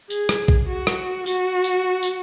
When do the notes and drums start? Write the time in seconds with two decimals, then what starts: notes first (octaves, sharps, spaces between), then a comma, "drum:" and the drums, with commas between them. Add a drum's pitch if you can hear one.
0.10 G#4, drum: tambourine
0.29 drum: rim click
0.48 drum: kick A#1
0.68 F#4
0.87 drum: rim click
1.26 F#4, drum: tambourine
1.64 drum: tambourine
2.03 drum: tambourine